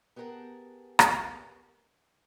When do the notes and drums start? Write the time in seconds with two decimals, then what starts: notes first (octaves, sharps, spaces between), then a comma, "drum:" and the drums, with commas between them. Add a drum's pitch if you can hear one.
0.16 B3 G4 G#4 A#4 F#5 A5
0.99 drum: rim click